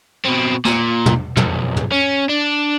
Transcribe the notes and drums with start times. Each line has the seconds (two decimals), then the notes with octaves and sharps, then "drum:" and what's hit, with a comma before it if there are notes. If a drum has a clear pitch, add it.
0.25 B2 C4
0.65 A#2, drum: snare
1.06 drum: tom
1.37 B1 F2, drum: tom
1.76 drum: tom
1.92 C#4
2.29 D4